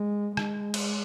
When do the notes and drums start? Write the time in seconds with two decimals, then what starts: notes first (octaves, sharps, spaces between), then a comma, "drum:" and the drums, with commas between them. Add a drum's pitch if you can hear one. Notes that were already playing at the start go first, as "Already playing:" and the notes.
Already playing: G#3
0.37 G#3, drum: rim click
0.74 drum: cymbal